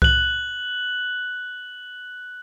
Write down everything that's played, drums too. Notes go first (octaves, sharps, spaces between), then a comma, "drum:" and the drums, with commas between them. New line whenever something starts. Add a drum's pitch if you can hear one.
F#6 F#7, drum: kick C2